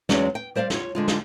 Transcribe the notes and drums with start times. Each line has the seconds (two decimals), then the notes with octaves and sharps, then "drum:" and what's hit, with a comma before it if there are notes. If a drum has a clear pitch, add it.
0.09 E2 F#3 G#3 C#4 D5, drum: snare
0.35 G5
0.55 G3 C5 D5 E5 F5
0.70 F4 C#5, drum: snare
0.95 D3 G#3 F4
1.08 drum: snare